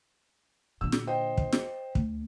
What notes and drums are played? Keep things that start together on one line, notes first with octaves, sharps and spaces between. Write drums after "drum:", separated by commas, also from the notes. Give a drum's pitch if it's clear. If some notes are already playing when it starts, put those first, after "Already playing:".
A#2 D3 E6
drum: snare
C5 D#5 G5
drum: kick
drum: snare
D2 A3, drum: kick